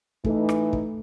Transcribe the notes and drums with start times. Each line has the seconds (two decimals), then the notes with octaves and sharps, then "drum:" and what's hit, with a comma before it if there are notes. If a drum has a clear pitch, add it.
0.25 E3 A3 D#4 A4, drum: kick
0.49 drum: rim click
0.73 drum: kick